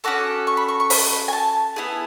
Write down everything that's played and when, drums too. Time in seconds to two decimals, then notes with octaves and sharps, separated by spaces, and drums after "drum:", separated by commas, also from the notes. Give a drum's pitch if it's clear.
0.04 C#4 F#4 A4 D6
0.47 C#6
0.57 B5
0.68 C#6
0.80 C#6
0.90 B5, drum: open hi-hat
1.28 G#5
1.33 A5
1.76 B3 E4 G#4